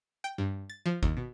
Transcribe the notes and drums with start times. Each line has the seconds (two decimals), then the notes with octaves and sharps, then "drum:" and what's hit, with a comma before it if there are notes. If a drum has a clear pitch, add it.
0.24 G5
0.38 G2
0.70 A6
0.86 F3
1.03 D#2, drum: kick G1
1.17 B2